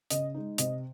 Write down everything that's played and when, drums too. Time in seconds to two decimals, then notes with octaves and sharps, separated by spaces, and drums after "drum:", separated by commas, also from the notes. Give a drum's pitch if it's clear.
0.10 C#3 D#5, drum: hi-hat
0.34 G#3 D#4
0.58 C3 D#5, drum: hi-hat